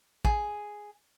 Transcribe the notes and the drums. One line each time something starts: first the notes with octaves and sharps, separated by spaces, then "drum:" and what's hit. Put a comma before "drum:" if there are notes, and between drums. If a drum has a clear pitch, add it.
G#4, drum: kick